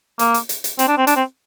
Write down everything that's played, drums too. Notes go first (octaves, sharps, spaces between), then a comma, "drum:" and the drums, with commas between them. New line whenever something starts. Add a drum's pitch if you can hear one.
A#3, drum: hi-hat
drum: hi-hat
drum: hi-hat
drum: hi-hat
C4, drum: hi-hat
D4
C4
D4, drum: hi-hat
C4